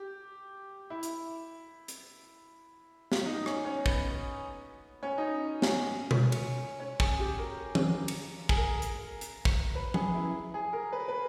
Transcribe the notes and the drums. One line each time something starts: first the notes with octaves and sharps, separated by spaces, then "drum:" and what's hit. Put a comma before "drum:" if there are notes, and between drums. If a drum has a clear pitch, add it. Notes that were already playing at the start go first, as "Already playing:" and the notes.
Already playing: G4
E4
drum: hi-hat
drum: hi-hat
drum: snare
D#4
C#4, drum: rim click
C#4
B3, drum: kick
C#4
D#4
C#4, drum: snare
drum: tom B2
drum: cymbal
C#4
G#4, drum: kick
G4
A#4
drum: tom E3
drum: cymbal
G#4, drum: kick
A#4
drum: hi-hat
drum: hi-hat
drum: kick
B4
G#4, drum: tom F3
E4
G#4
A#4
B4
B4